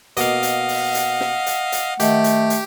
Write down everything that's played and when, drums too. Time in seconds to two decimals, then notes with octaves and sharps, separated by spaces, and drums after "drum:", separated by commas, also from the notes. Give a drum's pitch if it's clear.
0.17 B2 A#3 D#5 F5 F#5, drum: hi-hat
0.43 drum: hi-hat
0.69 drum: open hi-hat
0.95 drum: hi-hat
1.20 drum: snare
1.46 drum: hi-hat
1.72 drum: hi-hat
2.00 D#3 A3 G4, drum: hi-hat
2.24 drum: hi-hat
2.50 drum: hi-hat